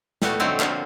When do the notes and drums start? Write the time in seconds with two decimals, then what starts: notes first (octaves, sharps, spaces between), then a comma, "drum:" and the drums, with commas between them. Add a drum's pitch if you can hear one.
0.22 G3 A3 B3 F#4, drum: snare
0.40 D3 F#3 A3 C4 D#4 E4
0.60 D3 F3 F#3 A#3, drum: clap